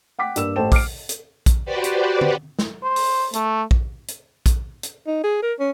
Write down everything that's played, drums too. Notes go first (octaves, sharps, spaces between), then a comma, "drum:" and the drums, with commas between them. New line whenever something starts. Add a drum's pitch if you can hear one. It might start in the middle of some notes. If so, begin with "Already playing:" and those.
F#5 G5 D6 B6
G2 A#3 E6 E7, drum: hi-hat
A1 A4 C5 G5 A5 E7
D6 F6 C7 D7, drum: kick A#1, open hi-hat
drum: hi-hat
drum: kick A#1, hi-hat
F#4 G4 B4 C5 D5
drum: hi-hat
drum: tom
drum: snare
C5
drum: open hi-hat
A3, drum: hi-hat
drum: kick A#1
drum: hi-hat
drum: kick A#1, hi-hat
drum: hi-hat
D#4
G#4
A#4
C#4